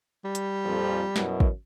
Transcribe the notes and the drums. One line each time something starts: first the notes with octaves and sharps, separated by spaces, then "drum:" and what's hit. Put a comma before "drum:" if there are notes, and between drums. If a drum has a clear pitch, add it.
G3
drum: hi-hat
F2 A#2 F3
F#2 B2 E4, drum: snare
drum: kick